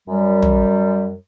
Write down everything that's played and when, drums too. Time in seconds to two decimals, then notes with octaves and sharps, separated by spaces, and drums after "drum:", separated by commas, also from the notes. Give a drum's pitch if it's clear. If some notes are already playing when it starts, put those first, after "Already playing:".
0.08 F#2 G3
0.42 drum: tom